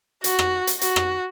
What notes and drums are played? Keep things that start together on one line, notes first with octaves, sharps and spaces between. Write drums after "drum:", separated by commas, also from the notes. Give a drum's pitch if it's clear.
F#4, drum: hi-hat
drum: rim click
drum: hi-hat
F#4, drum: hi-hat
drum: rim click